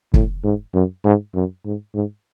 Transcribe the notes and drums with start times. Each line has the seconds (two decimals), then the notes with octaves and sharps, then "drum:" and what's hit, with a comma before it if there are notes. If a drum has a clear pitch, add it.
0.14 A2, drum: kick
0.44 G#2
0.74 F#2
1.05 G#2
1.35 F#2
1.65 G#2
1.94 G#2